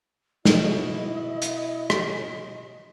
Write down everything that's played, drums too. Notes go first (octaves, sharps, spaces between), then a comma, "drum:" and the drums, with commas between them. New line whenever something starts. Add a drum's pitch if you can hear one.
B2 E4 D#5 A5, drum: snare
drum: hi-hat
drum: rim click